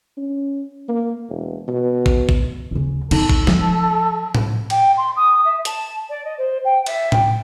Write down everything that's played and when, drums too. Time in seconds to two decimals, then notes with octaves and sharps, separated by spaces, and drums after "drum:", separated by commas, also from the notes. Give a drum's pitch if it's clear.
0.17 C#4
0.89 A#3
1.29 E1
1.68 B2
2.06 drum: kick
2.29 drum: kick
2.71 D2 C#3
3.11 D1 D#4 A4, drum: cymbal
3.29 drum: kick
3.47 F3, drum: snare
4.35 drum: tom A2
4.70 G5, drum: cymbal
4.97 C6
5.16 D#6
5.44 E5
5.65 A5, drum: hi-hat
6.09 D5
6.24 D#5
6.38 C5
6.64 G5
6.86 E5, drum: cymbal
7.12 G5, drum: tom A2